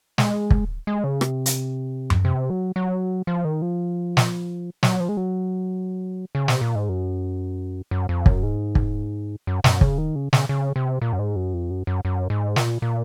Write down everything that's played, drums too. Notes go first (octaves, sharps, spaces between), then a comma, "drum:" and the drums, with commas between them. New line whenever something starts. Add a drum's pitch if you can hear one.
G#3, drum: snare
drum: kick
G#3
C#3
C3, drum: rim click
drum: hi-hat
drum: tom F#2
C3
F#3
F#3
F3
D#3
F3
drum: snare
F#3, drum: snare
F3
G#3
F#3
C#3
C3, drum: snare
A#2
G#2
F#2
F#2
F2
F#2, drum: kick
G#2
drum: kick
F#2
F#2, drum: snare
C#3, drum: kick
D#3
C#3
C#3, drum: snare
C#3
C3
A#2
F#2
G#2
F#2
F2
F#2
F#2
F#2
G#2
A#2, drum: snare
A#2